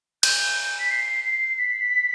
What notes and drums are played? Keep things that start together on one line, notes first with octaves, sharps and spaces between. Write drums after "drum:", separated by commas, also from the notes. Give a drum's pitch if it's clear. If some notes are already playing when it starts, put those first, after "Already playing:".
G6, drum: cymbal
B6
C7
C7
B6